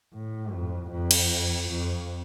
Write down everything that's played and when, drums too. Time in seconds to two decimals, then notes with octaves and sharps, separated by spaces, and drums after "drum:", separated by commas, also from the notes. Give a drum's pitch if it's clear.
0.13 A2
0.53 F2
0.91 F2
1.11 drum: cymbal
1.69 F2